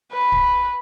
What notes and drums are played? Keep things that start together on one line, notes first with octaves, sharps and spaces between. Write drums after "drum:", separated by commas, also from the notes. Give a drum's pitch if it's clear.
B4
drum: kick